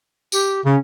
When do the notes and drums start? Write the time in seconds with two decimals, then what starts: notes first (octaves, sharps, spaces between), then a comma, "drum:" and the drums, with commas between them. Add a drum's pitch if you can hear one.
0.32 G4, drum: tambourine
0.65 C#3 C#4